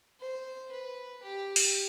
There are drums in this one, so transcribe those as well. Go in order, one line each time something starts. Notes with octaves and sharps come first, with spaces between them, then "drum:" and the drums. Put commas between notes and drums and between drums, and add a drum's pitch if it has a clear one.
C5
B4
G4
drum: open hi-hat